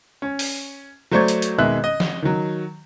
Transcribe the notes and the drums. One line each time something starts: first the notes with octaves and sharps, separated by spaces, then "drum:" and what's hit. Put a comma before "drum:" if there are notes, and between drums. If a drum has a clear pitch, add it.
C#4
drum: open hi-hat
F#3 A3 C5 D5 C#6 G#6
drum: hi-hat
drum: hi-hat
G#1 B2 D#3 G#3 E5 F#6
D#5
drum: snare
D#3 F#3